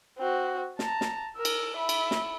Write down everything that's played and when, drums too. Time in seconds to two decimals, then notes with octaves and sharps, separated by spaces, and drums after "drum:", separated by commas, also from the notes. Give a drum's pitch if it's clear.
0.18 C4 F#4
0.79 A5 A#5, drum: snare
1.01 drum: snare
1.36 A#4 E6
1.45 drum: cymbal
1.77 E5 B5
1.89 drum: cymbal
2.11 drum: snare